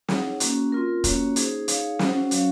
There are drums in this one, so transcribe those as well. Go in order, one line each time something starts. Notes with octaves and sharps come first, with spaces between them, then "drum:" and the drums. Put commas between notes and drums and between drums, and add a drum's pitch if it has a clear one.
D#4 G#4 C#5 F#5, drum: snare
A#3 C#4 F#4, drum: hi-hat
C4 F4 A#4
A#3 C#4 F#4 C#5, drum: kick F1, hi-hat
D#4 G#4 C5, drum: hi-hat
D#4 G#4 C#5 F5, drum: hi-hat
C#4 F#4 C5 F#5, drum: snare
F#3 C#4 F#4 C#5 F5, drum: hi-hat